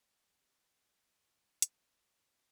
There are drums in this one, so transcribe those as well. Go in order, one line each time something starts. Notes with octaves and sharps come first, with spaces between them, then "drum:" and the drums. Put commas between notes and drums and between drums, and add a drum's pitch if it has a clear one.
F4
F3 C4 G4
D#3 C4 F4, drum: hi-hat